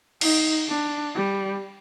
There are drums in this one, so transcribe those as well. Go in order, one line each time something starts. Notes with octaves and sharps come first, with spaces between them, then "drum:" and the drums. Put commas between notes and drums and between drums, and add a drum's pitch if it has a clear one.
D#4, drum: cymbal
D4
G3